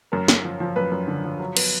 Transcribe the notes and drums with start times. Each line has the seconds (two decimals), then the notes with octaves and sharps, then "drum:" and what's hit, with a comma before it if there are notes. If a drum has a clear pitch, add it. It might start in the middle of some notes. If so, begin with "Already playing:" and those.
0.12 F#2 A#4
0.28 F#2, drum: snare
0.45 F3
0.60 F3
0.76 F#2 B4
0.92 F#2
1.08 D3
1.24 F3
1.40 F#3
1.57 B3, drum: cymbal